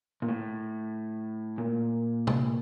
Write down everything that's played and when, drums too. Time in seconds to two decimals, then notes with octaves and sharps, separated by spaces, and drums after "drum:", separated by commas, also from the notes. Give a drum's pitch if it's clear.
0.22 A#2
0.28 A2
1.58 A#2
2.27 drum: tom